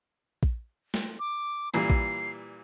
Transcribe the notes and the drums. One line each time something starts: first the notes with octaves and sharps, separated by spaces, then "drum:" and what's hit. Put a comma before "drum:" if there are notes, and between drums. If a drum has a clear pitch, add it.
drum: kick A#1
drum: snare
D6
A#2 E3 G3 C7, drum: hi-hat
drum: kick A#1